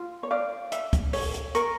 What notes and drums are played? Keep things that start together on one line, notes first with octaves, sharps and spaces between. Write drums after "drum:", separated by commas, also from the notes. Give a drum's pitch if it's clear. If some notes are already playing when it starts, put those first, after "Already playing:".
Already playing: F4
C#5
D5 F5
E5, drum: hi-hat
drum: kick, hi-hat
C#5, drum: open hi-hat
drum: hi-hat
A#4 C#6, drum: hi-hat